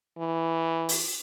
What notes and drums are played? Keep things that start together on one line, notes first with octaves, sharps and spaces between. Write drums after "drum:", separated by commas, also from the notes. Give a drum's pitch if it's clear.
E3
drum: open hi-hat